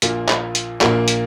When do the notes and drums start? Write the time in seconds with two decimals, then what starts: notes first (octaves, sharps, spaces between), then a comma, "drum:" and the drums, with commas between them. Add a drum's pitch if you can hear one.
0.02 A#1 A#2 A#3 F4, drum: hi-hat
0.29 drum: clap
0.55 drum: hi-hat
0.81 A#1 A#2 A#3, drum: clap
1.08 drum: hi-hat